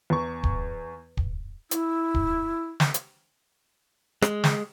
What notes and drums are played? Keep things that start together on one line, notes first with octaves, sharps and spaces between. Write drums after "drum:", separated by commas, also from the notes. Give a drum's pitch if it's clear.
E2 C#6
drum: kick
drum: kick
E4, drum: hi-hat
drum: kick
drum: snare
drum: hi-hat
G#3, drum: rim click
drum: snare